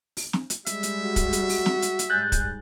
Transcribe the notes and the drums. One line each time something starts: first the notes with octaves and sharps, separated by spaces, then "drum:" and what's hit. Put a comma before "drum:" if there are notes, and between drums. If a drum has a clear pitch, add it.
drum: open hi-hat
drum: snare
drum: hi-hat
G3 G#3 E5, drum: hi-hat
drum: hi-hat
F#4
drum: kick, hi-hat
drum: hi-hat
drum: open hi-hat
drum: snare
drum: hi-hat
drum: hi-hat
G#2 G3 G#4 F#6 G6 A6
drum: kick, hi-hat